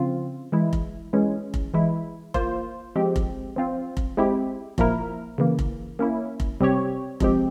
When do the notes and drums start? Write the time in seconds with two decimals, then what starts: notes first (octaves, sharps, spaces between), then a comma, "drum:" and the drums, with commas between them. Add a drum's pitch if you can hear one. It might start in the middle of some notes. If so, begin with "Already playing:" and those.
Already playing: C#3 F3 C4 F4
0.52 E3 G#3 E4
0.73 drum: kick F1
1.13 E3 G#3 C#4
1.54 drum: kick F1
1.74 E3 G#3 E4
2.34 A#3 F4 C5, drum: kick F1
2.96 F3 G#3 C4 G4
3.16 drum: kick F1
3.56 F3 C4 F4
3.97 drum: kick F1
4.17 G#3 C4 E4 G4
4.78 A#2 F3 A#3 E4 A#4, drum: kick F1
5.38 C#3 E3 A#3
5.59 drum: kick F1
5.99 A#3 C#4 E4
6.40 drum: kick F1
6.60 C3 G3 C4 G4 C#5
7.20 C3 F3 G#3 C4 G4, drum: kick F1